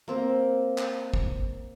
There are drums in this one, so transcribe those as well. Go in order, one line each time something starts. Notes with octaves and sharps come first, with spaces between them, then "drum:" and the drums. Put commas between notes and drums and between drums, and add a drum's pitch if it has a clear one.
A#3 C4 A#4
drum: clap
drum: kick